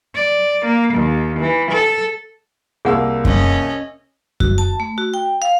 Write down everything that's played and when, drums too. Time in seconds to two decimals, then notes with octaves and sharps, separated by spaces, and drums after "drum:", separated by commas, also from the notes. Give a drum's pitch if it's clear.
0.15 D5
0.65 A#3
0.94 D#2
1.39 E3
1.71 A4
2.85 C2 A#3 G#4 F#5 E6
3.25 C#4 D#5, drum: kick F#2
4.40 F#4, drum: kick F#2
4.58 A5
4.80 A3
4.98 F#4
5.14 G5
5.42 F5